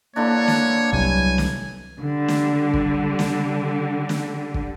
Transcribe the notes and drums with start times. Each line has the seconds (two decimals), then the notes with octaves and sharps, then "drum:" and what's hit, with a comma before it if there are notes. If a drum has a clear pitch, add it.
0.16 D3 E3 A#3 D4 C#5
0.48 drum: snare
0.93 C2 F#3 G#5, drum: kick
1.38 drum: snare
1.99 D3 G3
2.28 drum: snare
2.74 drum: kick
3.19 drum: snare
4.09 drum: snare
4.54 drum: kick